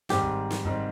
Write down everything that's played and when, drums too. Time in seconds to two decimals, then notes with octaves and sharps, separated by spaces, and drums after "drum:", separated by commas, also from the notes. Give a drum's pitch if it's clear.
0.09 G#2 D#3 G3 C4 G4, drum: snare
0.23 drum: kick
0.51 drum: snare
0.65 G#2 D#3 G3 C4, drum: kick